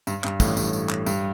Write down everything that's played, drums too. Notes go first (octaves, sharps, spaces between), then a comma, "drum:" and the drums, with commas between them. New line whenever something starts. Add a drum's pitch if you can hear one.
G2, drum: tambourine
G2, drum: clap
A1 A2, drum: kick, tambourine
G2, drum: tambourine
drum: tambourine
drum: clap
G2, drum: tambourine